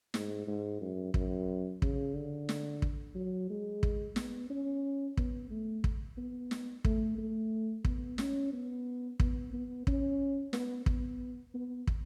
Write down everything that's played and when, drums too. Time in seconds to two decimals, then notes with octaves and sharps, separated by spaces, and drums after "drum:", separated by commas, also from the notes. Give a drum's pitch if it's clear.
0.14 G#2, drum: snare
0.47 G#2
0.81 F#2
1.14 F#2, drum: kick
1.82 C#3, drum: kick
2.15 D3
2.49 drum: snare
2.82 drum: kick
3.15 F#3
3.50 G#3
3.83 drum: kick
4.16 B3, drum: snare
4.50 C#4
5.17 B3, drum: kick
5.50 A3
5.84 drum: kick
6.17 B3
6.51 drum: snare
6.85 A3, drum: kick
7.18 A3
7.85 B3, drum: kick
8.18 C#4, drum: snare
8.53 B3
9.20 B3, drum: kick
9.53 B3
9.87 C#4, drum: kick
10.53 B3, drum: snare
10.86 B3, drum: kick
11.54 B3
11.87 drum: kick